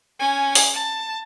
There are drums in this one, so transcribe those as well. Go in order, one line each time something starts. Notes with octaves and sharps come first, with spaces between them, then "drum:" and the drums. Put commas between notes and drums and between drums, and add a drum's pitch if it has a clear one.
C#4 G#5
drum: open hi-hat
A5